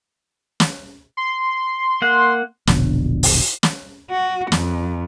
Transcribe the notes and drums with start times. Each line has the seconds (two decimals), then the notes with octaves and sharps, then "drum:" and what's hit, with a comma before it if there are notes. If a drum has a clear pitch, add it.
0.60 drum: snare
1.17 C6
2.02 A#3 F#5
2.67 E1 A#1 B2 D3, drum: snare
3.23 drum: open hi-hat
3.63 drum: snare
4.11 F#4
4.52 F2, drum: snare